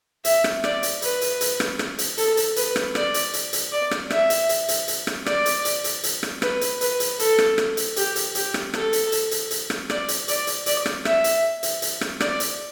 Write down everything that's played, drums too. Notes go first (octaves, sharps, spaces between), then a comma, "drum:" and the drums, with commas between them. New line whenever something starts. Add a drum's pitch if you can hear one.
E5, drum: hi-hat
drum: rim click
D5, drum: rim click
drum: hi-hat
B4, drum: hi-hat
drum: hi-hat
drum: hi-hat
drum: rim click
drum: rim click
drum: hi-hat
A4, drum: hi-hat
drum: hi-hat
B4, drum: hi-hat
drum: rim click
D5, drum: rim click
drum: hi-hat
drum: hi-hat
drum: hi-hat
D5
drum: rim click
E5, drum: rim click
drum: hi-hat
drum: hi-hat
drum: hi-hat
drum: hi-hat
drum: rim click
D5, drum: rim click
drum: hi-hat
drum: hi-hat
drum: hi-hat
drum: hi-hat
drum: rim click
B4, drum: rim click
drum: hi-hat
B4, drum: hi-hat
drum: hi-hat
A4, drum: hi-hat
drum: rim click
drum: rim click
drum: hi-hat
G4, drum: hi-hat
drum: hi-hat
G4, drum: hi-hat
drum: rim click
A4, drum: rim click
drum: hi-hat
drum: hi-hat
drum: hi-hat
drum: hi-hat
drum: rim click
D5, drum: rim click
drum: hi-hat
D5, drum: hi-hat
drum: hi-hat
D5, drum: hi-hat
drum: rim click
E5, drum: rim click
drum: hi-hat
drum: hi-hat
drum: hi-hat
drum: rim click
D5, drum: rim click
drum: hi-hat